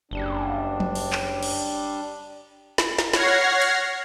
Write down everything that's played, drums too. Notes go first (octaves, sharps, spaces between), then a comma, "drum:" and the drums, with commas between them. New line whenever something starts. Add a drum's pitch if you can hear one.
F#1 G3 D4
drum: tom
drum: open hi-hat
drum: clap
drum: cymbal
drum: snare
drum: snare
C#5 F#5 F6 G#6 A#6 C7, drum: snare
drum: cymbal